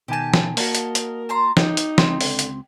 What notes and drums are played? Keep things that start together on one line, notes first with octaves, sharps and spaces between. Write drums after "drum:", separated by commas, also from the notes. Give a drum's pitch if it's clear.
B2 D#3 G4 G#5 A5
drum: snare
A#3 F#4 A#4 D#5 A5, drum: open hi-hat
drum: hi-hat
drum: hi-hat
A5 A#5 C6
D#4 G4, drum: snare
drum: hi-hat
C#2 C4 C6, drum: snare
D3, drum: open hi-hat
drum: hi-hat